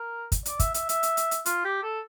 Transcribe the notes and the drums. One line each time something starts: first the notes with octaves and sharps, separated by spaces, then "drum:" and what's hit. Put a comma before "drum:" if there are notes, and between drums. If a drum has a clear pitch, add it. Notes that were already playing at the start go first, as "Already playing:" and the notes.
Already playing: A#4
drum: kick, hi-hat
D5, drum: hi-hat
E5, drum: kick, hi-hat
E5, drum: hi-hat
E5, drum: hi-hat
drum: hi-hat
drum: hi-hat
drum: hi-hat
F4, drum: hi-hat
G4
A4